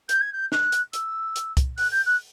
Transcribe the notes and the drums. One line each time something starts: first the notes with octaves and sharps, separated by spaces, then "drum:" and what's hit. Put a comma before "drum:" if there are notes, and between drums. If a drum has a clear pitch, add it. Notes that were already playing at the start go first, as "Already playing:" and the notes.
G6, drum: hi-hat
G#6
G6
F#6, drum: snare
drum: hi-hat
E6, drum: hi-hat
drum: hi-hat
drum: kick C2, hi-hat
F#6, drum: open hi-hat
G6
F#6